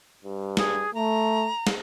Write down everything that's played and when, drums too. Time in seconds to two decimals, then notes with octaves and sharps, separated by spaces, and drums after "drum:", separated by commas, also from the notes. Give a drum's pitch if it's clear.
0.24 G2
0.57 G#4, drum: snare
0.94 A3 A#5
1.67 drum: snare